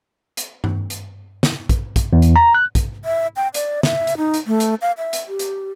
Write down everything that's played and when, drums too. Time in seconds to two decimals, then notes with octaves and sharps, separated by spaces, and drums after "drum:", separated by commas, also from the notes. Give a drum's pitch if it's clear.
0.37 drum: hi-hat
0.64 drum: tom G2
0.90 drum: hi-hat
1.43 drum: snare
1.69 drum: kick, hi-hat
1.96 drum: kick, hi-hat
2.13 E2
2.22 drum: hi-hat
2.36 A#5
2.55 F#6
2.75 drum: kick, hi-hat
3.05 E5
3.36 G5
3.54 D5, drum: hi-hat
3.83 E5, drum: snare
4.07 drum: hi-hat
4.18 D#4
4.34 drum: hi-hat
4.47 A3
4.60 drum: hi-hat
4.82 F5
4.98 E5
5.13 drum: hi-hat
5.28 G4
5.39 drum: hi-hat